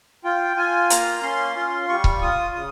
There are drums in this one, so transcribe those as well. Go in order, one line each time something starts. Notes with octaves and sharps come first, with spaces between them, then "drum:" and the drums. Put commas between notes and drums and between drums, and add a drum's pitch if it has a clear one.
F4 G5
F4 G#5
A#3 A#5, drum: hi-hat
C#4 C6
F4 C6
G3 C#6
drum: kick C#1
F4 D#6
C#3 D#6